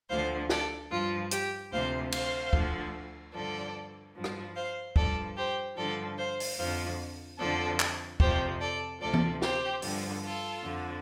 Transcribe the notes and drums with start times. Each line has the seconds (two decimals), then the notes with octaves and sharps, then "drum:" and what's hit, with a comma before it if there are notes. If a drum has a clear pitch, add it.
0.09 D2 D3 F3 C5 F5
0.49 A4 D5, drum: snare
0.91 G2 F3 F4
1.31 G4, drum: hi-hat
1.72 D2 C3 F3 C5 F5
2.12 C5 F5, drum: cymbal
2.53 D2 D3 F3, drum: kick
3.34 G2 D3 F3 A4 D5
4.15 G2 F3
4.24 drum: rim click
4.55 C5 F5
4.96 G2 F3 A4 D5, drum: kick
5.37 G4 C5
5.77 G2 D3 F3 A4 D5
6.18 C5 F5
6.40 drum: open hi-hat
6.58 F2 D3 F3 C5 F5
7.38 F2 D3 F3 A4 D5
7.80 drum: clap
8.20 F2 C3 F3 G4 C5, drum: kick
8.60 A4 D5
9.01 D2 C3 F3 A4 D5
9.14 drum: tom E3
9.42 G4 C5, drum: snare
9.82 G2 D3 F3, drum: open hi-hat
10.22 F4 A4
10.64 F2 D3 F3